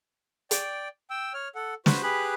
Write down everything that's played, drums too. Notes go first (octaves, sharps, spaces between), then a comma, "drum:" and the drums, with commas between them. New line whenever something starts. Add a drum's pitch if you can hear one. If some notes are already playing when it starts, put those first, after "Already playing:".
D5 G5, drum: hi-hat
G5 E6
C#5 F6
A4 F#5
F#4 B4 C5, drum: snare
G4 G#4 B4 B5 F#6